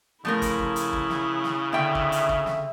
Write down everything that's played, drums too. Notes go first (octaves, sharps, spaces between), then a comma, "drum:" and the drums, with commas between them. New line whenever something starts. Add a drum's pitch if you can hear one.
C#3 F3 A3 E4 A#4
drum: kick, hi-hat
drum: kick
drum: hi-hat
drum: kick
drum: snare
drum: snare
D3 E5 G5
drum: kick
drum: hi-hat
drum: kick
drum: snare